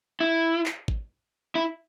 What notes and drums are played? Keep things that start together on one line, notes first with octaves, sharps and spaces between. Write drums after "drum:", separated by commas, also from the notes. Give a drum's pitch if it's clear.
E4
drum: clap
drum: kick G#1
E4